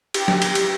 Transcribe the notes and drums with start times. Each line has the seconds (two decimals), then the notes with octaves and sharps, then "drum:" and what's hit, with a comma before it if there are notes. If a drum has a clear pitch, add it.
0.14 G4, drum: cymbal
0.28 drum: snare
0.42 drum: cymbal
0.55 drum: cymbal